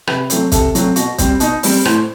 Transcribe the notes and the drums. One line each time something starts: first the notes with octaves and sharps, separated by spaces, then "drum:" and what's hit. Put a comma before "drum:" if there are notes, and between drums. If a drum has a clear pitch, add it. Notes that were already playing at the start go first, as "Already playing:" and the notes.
C3 B4, drum: rim click
F#3 A3 C4, drum: hi-hat
C3 A4, drum: kick, hi-hat
F#3 A3 C4, drum: hi-hat
B2 F#4, drum: hi-hat
G3 C4, drum: kick, hi-hat
B2 D#4, drum: hi-hat
G3 C4, drum: open hi-hat
A2 C5, drum: rim click